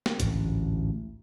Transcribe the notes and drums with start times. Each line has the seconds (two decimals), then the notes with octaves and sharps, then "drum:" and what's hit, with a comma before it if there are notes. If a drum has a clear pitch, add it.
0.06 drum: snare
0.20 A1 D2 G#2, drum: hi-hat